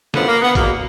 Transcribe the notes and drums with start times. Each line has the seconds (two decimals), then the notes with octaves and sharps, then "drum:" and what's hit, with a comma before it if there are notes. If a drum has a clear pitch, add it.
0.14 F#2 D3 F3 B3, drum: snare
0.28 A#3
0.42 B3
0.55 E2 B2 F#3 A#3, drum: kick A1, hi-hat